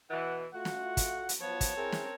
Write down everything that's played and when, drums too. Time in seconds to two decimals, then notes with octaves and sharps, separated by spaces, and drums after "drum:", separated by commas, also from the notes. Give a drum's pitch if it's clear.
0.10 B2 E3 F#5
0.54 A3 F4 F#4 F#5
0.65 drum: snare
0.97 drum: kick, hi-hat
1.29 drum: hi-hat
1.41 F3 F#3 B3 C#5 A5
1.61 drum: kick, hi-hat
1.77 C4 E4 G#4 A#4
1.92 drum: snare